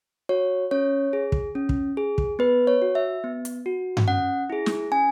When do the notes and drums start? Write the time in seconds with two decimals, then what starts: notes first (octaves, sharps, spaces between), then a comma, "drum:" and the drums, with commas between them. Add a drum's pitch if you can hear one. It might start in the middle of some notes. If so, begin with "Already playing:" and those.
0.29 F#4 C#5
0.71 C#4 C#5
1.13 G#4
1.32 drum: kick
1.55 C#4
1.69 drum: kick
1.97 G#4
2.18 drum: kick
2.39 B3 B4
2.67 C#5
2.82 F#4
2.95 E5
3.24 B3
3.45 drum: hi-hat
3.66 F#4
3.97 drum: tom G2
4.08 C#4 F#5
4.50 E4 G#4
4.66 drum: snare
4.92 C#4 G#5